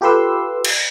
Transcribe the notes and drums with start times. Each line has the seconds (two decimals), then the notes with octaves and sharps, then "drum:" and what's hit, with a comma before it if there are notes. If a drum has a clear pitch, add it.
0.01 F4 G4 A4 B4 C6 E6
0.65 drum: cymbal